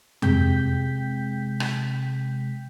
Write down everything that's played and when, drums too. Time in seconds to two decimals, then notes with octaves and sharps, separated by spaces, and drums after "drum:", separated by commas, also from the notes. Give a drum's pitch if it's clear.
0.22 C3 G#3 G5 G6 B6, drum: tom F2
1.60 drum: rim click